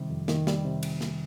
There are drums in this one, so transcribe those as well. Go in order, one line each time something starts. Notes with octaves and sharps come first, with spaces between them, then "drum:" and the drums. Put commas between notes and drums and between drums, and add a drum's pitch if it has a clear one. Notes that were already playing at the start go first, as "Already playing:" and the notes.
Already playing: C3 D#3 G3
F2
D#3, drum: snare
G3, drum: snare
C3
drum: cymbal
drum: snare